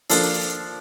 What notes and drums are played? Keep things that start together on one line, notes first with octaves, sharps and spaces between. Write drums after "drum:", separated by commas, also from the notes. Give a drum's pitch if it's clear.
F3 A#3 D4 A4, drum: open hi-hat